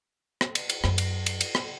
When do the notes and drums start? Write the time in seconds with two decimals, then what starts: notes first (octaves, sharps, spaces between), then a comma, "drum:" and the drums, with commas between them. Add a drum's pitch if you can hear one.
0.41 drum: rim click
0.55 drum: cymbal
0.69 drum: cymbal
0.84 F#2, drum: rim click
0.98 drum: cymbal
1.26 drum: cymbal
1.41 drum: cymbal
1.55 drum: rim click